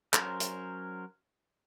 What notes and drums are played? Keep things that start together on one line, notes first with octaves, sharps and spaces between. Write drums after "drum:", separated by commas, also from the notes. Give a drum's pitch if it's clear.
F#3 C#4 A#4 C5, drum: clap
drum: hi-hat